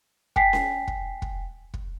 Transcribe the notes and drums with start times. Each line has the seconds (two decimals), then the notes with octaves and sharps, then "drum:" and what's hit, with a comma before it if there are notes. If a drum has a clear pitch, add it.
0.36 G5 G#5 B6 C7, drum: kick
0.53 drum: snare C#4
0.88 drum: kick
1.22 drum: kick
1.74 drum: kick